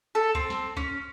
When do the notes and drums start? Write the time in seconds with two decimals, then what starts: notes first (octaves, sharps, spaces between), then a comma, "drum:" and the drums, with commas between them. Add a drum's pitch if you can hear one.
0.15 A4
0.35 C4, drum: kick C#2
0.50 drum: snare
0.77 C#4, drum: kick C#2